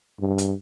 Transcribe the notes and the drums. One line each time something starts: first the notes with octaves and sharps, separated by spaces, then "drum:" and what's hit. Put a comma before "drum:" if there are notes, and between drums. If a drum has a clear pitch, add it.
G2
drum: hi-hat